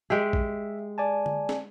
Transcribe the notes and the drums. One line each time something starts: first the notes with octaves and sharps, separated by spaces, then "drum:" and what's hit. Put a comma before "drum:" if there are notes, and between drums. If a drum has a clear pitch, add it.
G#3 G4 G#4 E5
drum: kick A#1
D5 G#5 A5
drum: tom D3
drum: snare